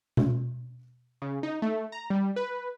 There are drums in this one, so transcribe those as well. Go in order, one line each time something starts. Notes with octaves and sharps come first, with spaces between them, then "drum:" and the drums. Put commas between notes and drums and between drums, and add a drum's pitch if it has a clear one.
drum: tom B2
C#3
D#4
A3
A#5
G3
B4